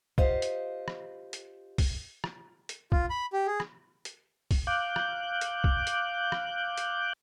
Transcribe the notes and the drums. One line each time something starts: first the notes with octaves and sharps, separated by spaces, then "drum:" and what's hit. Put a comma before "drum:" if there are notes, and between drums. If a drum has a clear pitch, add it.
F4 G4 C5 D#5 F5 F#5, drum: kick
drum: hi-hat
drum: rim click
drum: hi-hat
drum: kick, open hi-hat
drum: rim click
drum: hi-hat
F4, drum: kick
B5
G4
G#4
drum: rim click
drum: hi-hat
drum: kick, open hi-hat
F5 D6 F#6 G6
drum: rim click
drum: hi-hat
drum: kick
drum: hi-hat
drum: rim click
drum: hi-hat